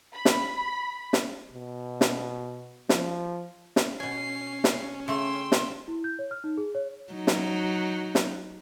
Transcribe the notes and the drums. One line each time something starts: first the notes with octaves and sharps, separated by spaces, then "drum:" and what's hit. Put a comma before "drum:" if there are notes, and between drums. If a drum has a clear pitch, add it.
B5
drum: snare
drum: snare
B2
drum: snare
F3, drum: snare
drum: snare
B2 C#4 G#5 C7
drum: snare
C#3 A3 G5 C6 E6
drum: snare
E4
G6
C#5
F6
D#4
G#4
C#5
F#3 D#4
drum: snare
drum: snare